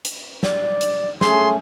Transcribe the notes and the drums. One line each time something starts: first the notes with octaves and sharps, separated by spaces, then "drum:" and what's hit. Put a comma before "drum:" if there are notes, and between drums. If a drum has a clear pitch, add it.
drum: hi-hat
D5, drum: snare
drum: hi-hat
A3 C#4 G#4 C6, drum: snare